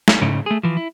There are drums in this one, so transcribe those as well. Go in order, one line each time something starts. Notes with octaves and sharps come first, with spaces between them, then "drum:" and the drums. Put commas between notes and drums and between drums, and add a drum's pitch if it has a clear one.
drum: snare
G#2 C#3
A3 G#4
E3 F3
E4